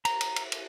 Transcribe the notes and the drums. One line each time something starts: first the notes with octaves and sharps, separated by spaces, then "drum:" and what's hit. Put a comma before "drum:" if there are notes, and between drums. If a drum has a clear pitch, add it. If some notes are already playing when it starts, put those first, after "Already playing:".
A#5, drum: cymbal
drum: cymbal
drum: cymbal
drum: cymbal